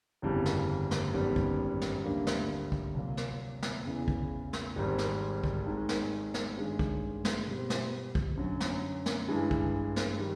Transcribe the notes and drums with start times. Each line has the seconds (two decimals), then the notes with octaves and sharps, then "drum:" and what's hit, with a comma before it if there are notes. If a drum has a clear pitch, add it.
0.22 G1 F2 C#3 E3 G3
0.46 drum: snare
0.91 drum: snare
1.13 G#1 F#2 D#3 G3 B3
1.36 drum: kick
1.81 drum: snare
2.04 D2 D3 G3 A#3
2.27 drum: snare
2.72 drum: kick
2.94 C2 A#2 F#3
3.17 drum: snare
3.62 drum: snare
3.85 E2 C#3 E3
4.08 drum: kick
4.53 drum: snare
4.76 G#1 G#2 D#3 G3 C4
4.98 drum: snare
5.44 drum: kick
5.66 G#2 D#3 G#3
5.89 drum: snare
6.34 drum: snare
6.57 G2 D#3 G#3 C#4
6.79 drum: kick
7.25 drum: snare
7.47 B2 G3 C4
7.70 drum: snare
8.15 drum: kick
8.37 F#2 D3 F#3
8.60 drum: snare
9.06 drum: snare
9.28 G2 E3 G#3
9.51 drum: kick
9.96 drum: snare
10.19 D#3 G3